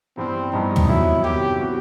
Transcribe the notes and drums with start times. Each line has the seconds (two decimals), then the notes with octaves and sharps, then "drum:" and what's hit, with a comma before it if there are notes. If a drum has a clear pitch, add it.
0.17 G2 E3 G3 B3 C4
0.53 G2 E3 G3 B3 D#4
0.76 drum: tom
0.88 C3 D#3 F#3 B3 E4
1.23 C3 D#3 F#3 B3 G4
1.59 C3 E3 B3 F#4